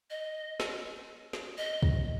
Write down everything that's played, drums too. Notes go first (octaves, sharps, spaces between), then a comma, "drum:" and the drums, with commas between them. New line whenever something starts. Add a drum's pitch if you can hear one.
D#5
drum: snare
drum: snare
D#5
drum: kick